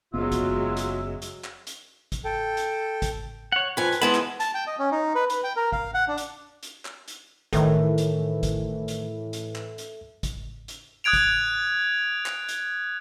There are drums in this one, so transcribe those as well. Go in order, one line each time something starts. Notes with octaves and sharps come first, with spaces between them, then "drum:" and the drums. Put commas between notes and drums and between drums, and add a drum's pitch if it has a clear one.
F#1 F#3 G#3 B3 F4 E5
drum: kick G#1, hi-hat
drum: hi-hat
drum: hi-hat
drum: clap
drum: hi-hat
drum: kick G#1, hi-hat
A4 G5
drum: hi-hat
drum: kick G#1, hi-hat
C#5 F#5
F2 B4 G#5
drum: hi-hat
E3 G#3 B3 B4 A5 B5
drum: clap
A5, drum: hi-hat
G5
D#5
C#4
D#4
B4
B4, drum: hi-hat
G5
A#4
F5, drum: kick G#1
F#5
D4
drum: hi-hat
drum: hi-hat
drum: clap
drum: hi-hat
A2 D#3 E3 A4 E5, drum: kick G#1, hi-hat
drum: hi-hat
drum: kick G#1, hi-hat
drum: hi-hat
drum: hi-hat
drum: clap
drum: hi-hat
drum: kick G#1, hi-hat
drum: hi-hat
D#6 F#6 G#6 D7 F7
drum: kick G#1, hi-hat
drum: clap
drum: hi-hat